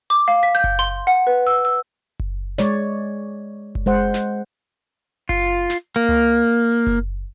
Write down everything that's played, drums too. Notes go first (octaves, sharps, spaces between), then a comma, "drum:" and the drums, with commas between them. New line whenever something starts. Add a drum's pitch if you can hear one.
D6
F5
B6
G6
drum: kick F#1
C6
F#5
B4
E6
E6
drum: kick F#1
G#3 C#5 D5, drum: snare
drum: kick F#1
G#3 C5 F#5
drum: snare
F4, drum: kick F#1
drum: snare
A#3
drum: tom C#2
drum: kick F#1